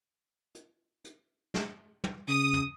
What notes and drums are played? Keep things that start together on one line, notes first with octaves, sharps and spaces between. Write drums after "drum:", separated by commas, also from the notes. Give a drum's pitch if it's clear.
drum: hi-hat
drum: hi-hat
drum: snare
drum: tom
C#3 D#6
drum: tom